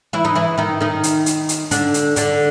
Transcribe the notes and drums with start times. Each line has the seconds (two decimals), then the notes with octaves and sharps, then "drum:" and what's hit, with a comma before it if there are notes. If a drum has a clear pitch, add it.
0.13 E3 E4
0.25 D#4
0.35 E3 E4
0.58 D#3 D#4
0.81 D#3 D#4
1.03 drum: hi-hat
1.26 drum: hi-hat
1.49 drum: hi-hat
1.71 D3 D4, drum: hi-hat
1.94 drum: hi-hat
2.16 D3 D4, drum: hi-hat